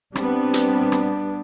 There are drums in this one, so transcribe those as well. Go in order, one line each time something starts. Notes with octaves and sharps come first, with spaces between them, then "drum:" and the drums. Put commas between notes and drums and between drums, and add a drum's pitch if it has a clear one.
G3 B3 C4 D4, drum: rim click
drum: hi-hat
drum: rim click